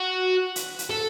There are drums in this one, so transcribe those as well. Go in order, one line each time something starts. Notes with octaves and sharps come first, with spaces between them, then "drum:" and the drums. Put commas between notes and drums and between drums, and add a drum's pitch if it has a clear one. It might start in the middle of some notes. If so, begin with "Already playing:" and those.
Already playing: F#4
drum: hi-hat
drum: hi-hat
A4